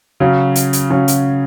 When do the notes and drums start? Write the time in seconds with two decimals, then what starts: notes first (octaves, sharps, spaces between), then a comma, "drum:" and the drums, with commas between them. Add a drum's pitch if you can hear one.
0.20 C#3 F#3 C#4
0.56 drum: hi-hat
0.73 drum: hi-hat
0.90 C#3 F#3 C#4
1.08 drum: hi-hat